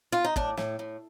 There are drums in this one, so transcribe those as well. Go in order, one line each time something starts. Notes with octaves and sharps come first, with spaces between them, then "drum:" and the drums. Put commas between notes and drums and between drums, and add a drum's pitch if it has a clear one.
F4
D#4
A2 D4, drum: kick
A2, drum: snare
A2